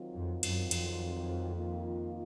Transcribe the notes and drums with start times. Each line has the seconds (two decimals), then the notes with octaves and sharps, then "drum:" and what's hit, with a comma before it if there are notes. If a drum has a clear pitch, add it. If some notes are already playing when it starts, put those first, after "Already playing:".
Already playing: D#3 F#3 C4 F4
0.14 F2
0.43 F#2, drum: cymbal
0.71 F2, drum: cymbal
1.56 D#3 A#3 F4